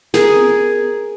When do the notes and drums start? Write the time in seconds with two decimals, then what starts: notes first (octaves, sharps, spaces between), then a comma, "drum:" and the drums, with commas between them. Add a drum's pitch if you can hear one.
0.14 G#4 A#4, drum: snare
0.37 drum: tom B3